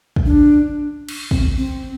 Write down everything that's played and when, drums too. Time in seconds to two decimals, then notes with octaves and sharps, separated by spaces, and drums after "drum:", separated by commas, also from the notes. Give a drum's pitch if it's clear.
0.16 drum: kick
0.26 D4
1.09 drum: cymbal
1.31 C4, drum: kick
1.57 C4